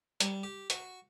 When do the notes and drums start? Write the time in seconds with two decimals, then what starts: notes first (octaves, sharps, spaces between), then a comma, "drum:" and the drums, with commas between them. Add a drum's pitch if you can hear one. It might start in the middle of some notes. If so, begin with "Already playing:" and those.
0.20 G3, drum: hi-hat
0.43 G4
0.70 F#4, drum: hi-hat